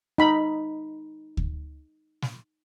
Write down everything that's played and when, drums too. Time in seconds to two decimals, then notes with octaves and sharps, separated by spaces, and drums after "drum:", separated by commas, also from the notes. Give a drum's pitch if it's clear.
0.18 D#4 B5
1.37 drum: kick D2
2.22 drum: snare